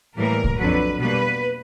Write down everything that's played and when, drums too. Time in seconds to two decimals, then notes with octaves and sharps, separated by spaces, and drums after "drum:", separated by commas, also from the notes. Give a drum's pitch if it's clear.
0.17 A2 E3 G3 A#3 A#4
0.44 drum: kick
0.57 F2 D3 F#3 B4
0.99 B2 G3 A#3 B4